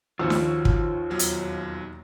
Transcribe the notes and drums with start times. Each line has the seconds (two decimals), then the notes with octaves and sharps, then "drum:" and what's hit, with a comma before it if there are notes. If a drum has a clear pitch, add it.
0.19 D#2 D#3 F3 F4 F#4 C5 C#5 E6
0.30 drum: snare D4
0.65 drum: kick
1.10 B1 E2 F#3
1.19 drum: hi-hat